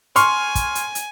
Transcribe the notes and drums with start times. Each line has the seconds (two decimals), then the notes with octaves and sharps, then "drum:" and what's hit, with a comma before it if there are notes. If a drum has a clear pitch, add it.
0.16 G#5 C6 C#6 F6, drum: hi-hat
0.55 drum: kick, hi-hat
0.75 drum: hi-hat
0.95 drum: hi-hat